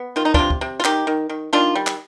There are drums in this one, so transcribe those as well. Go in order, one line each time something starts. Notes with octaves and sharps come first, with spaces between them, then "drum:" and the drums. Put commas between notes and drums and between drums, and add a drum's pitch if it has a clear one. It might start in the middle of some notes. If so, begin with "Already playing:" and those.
Already playing: B3
D#3 F4
D#4
C3 D4 F4, drum: kick
drum: kick
C3
F4
D#3 D#4 G4, drum: clap
D#3
D#3
D#3 D4 F4
G3
drum: clap